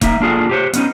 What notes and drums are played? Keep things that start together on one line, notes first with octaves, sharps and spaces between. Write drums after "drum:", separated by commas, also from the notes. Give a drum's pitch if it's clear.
A#3 D#4 E5, drum: kick E1, hi-hat
A#3 D4 F4 G#4 A4
G4 C5 C#5
B3 C#4 D#4, drum: hi-hat